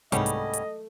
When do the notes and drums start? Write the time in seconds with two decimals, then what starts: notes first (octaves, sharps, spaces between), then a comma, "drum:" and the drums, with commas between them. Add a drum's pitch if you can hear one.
0.12 C2 G#2 G3 A3 B3 C#4 D#5, drum: hi-hat
0.26 drum: hi-hat
0.53 drum: hi-hat